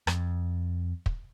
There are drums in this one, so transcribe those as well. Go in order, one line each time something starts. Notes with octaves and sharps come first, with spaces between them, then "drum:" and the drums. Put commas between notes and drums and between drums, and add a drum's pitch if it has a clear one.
F2, drum: rim click
drum: kick